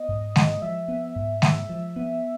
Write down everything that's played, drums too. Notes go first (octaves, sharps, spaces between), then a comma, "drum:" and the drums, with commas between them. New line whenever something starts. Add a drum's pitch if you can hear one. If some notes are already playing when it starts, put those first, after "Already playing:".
Already playing: B3 D#5
G#2
G#3, drum: snare G#3
F3 E5
B3
G#2
G#3 E5, drum: snare G#3
F3
B3